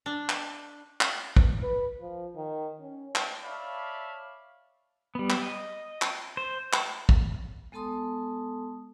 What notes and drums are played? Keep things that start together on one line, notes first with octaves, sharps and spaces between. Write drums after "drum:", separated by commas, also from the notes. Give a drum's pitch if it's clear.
D4
drum: clap
drum: clap
drum: kick
B4
F3
D#3
C#4
drum: clap
C#5 D5 E5 F5 A5 B5
G3 B3
drum: clap
D#5
drum: clap
C5
drum: clap
drum: kick
G#3 B3 A4 A5 C6 D#6